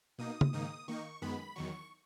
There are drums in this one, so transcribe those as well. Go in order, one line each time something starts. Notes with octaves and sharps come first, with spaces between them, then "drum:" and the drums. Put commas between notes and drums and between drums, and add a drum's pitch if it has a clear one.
B2 A#3 D#4 D#6
drum: tom
G#2 D#3 A#3 D#4 D#6
D#3 A#3 D#4 C#6
F#2 D#3 G#3 B3 B5
E2 D#3 F#3 C#6